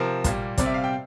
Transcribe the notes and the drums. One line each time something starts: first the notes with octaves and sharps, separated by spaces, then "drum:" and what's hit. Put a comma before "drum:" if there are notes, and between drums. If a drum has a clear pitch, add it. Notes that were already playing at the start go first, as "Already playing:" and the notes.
Already playing: C3 F3 C4 A#4
A#2 G3 A#3, drum: kick, hi-hat
C3 G3 C4 D5, drum: kick, hi-hat
E5
F5
G5